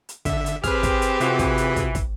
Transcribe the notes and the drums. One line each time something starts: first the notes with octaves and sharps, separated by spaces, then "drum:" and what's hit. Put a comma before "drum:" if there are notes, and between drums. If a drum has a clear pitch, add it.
drum: hi-hat
D3 E5, drum: kick, hi-hat
drum: hi-hat
C4 G4 G#4 B4 F6, drum: kick, hi-hat
drum: kick, hi-hat
drum: hi-hat
C3 E3 F4 F#4, drum: hi-hat
drum: kick, hi-hat
drum: hi-hat
drum: kick, hi-hat
drum: kick, hi-hat